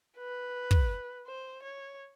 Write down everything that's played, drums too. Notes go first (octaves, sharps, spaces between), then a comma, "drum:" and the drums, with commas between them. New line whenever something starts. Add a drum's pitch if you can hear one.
B4
drum: kick
C5
C#5